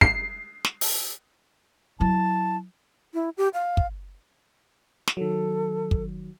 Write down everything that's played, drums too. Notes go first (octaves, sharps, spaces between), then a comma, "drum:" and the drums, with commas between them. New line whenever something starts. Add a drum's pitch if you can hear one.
C7, drum: kick
drum: snare
drum: open hi-hat
F#3 E4 A5
E4
G4
F5
drum: kick
drum: snare
D#3 F#3 A4
drum: kick